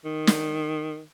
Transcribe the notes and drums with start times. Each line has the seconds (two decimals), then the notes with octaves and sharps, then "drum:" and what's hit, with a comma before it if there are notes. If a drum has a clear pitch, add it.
0.05 D#3
0.27 drum: snare